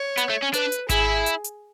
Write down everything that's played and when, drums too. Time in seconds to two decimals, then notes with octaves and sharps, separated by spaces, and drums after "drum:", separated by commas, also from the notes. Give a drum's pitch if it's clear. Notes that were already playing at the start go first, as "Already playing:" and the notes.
Already playing: C#5
0.17 B3, drum: hi-hat
0.29 A3
0.42 C#4
0.53 D4 B4, drum: hi-hat
0.72 drum: hi-hat
0.89 E4 G#4, drum: kick G#1, hi-hat
1.26 drum: hi-hat
1.44 drum: hi-hat